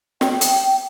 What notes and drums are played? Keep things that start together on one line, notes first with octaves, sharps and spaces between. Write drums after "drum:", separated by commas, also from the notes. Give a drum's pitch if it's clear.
G5, drum: snare
drum: hi-hat